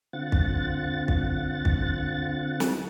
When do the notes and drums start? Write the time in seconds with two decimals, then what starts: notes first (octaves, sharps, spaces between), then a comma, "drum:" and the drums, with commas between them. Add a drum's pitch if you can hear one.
0.13 D3 C4 F4 F#5 A6
0.32 drum: kick
1.08 drum: kick
1.65 drum: kick
2.60 drum: snare